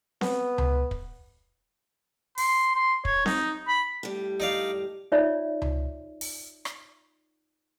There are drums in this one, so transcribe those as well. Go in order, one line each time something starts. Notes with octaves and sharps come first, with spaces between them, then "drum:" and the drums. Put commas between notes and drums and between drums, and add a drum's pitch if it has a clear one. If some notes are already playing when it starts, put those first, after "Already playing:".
B3, drum: snare C4
drum: tom C#2
drum: kick
C6, drum: open hi-hat
C6
C#5, drum: kick
D#4, drum: snare C4
B5
A2 G3
D#4 D5 F5
D#4 F4 C#5 D5 E5
drum: tom C#2
drum: open hi-hat
drum: rim click